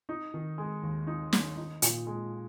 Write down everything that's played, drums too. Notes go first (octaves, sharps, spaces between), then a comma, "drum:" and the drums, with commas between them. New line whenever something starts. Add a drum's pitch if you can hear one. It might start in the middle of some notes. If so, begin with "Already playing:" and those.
D#4
D#3
G#3
D#2
D#4
D#3, drum: snare
D#4
A#2, drum: hi-hat
G#3